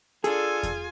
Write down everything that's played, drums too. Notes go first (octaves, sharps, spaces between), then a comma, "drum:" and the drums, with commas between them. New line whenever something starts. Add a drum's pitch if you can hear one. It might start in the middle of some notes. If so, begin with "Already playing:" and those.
D4 F4 G#4 A4 G#5, drum: hi-hat
drum: kick E2, hi-hat